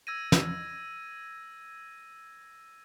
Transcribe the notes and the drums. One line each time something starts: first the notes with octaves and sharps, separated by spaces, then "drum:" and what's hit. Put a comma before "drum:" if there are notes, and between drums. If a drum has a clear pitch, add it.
E6 G#6 A#6 D#7
drum: snare